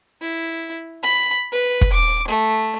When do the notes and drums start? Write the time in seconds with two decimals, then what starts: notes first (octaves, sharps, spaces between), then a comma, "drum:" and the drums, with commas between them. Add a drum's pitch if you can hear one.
0.21 E4
1.02 B5
1.52 B4
1.81 drum: kick
1.92 D6
2.28 A3